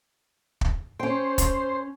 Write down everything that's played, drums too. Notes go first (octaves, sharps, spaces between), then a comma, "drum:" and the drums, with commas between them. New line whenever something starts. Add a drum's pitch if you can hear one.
drum: kick
C#4 C5 G5
drum: kick, hi-hat